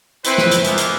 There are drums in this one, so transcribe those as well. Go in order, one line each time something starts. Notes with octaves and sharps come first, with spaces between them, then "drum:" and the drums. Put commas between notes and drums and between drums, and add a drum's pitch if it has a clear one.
C4 E4 B4, drum: hi-hat
drum: snare
drum: hi-hat
E3 F3 G#3 A#3 B3 D#4, drum: hi-hat
drum: hi-hat